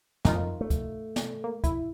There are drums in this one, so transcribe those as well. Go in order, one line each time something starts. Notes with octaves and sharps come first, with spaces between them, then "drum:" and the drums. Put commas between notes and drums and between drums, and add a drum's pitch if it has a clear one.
F2 A#3 D#4 F4, drum: snare
A3
drum: kick, hi-hat
drum: snare
A#3
E4, drum: kick, hi-hat